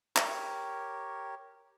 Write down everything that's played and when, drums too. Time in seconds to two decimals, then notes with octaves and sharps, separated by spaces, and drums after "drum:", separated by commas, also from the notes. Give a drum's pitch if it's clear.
0.16 G4 A#4 C#5, drum: clap